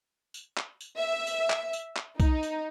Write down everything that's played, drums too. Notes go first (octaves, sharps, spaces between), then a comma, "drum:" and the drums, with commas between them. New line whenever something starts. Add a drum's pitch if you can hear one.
drum: tambourine
drum: clap
drum: tambourine
E5
drum: tambourine
drum: clap
drum: tambourine
drum: clap
D#4, drum: kick B1, tambourine
drum: tambourine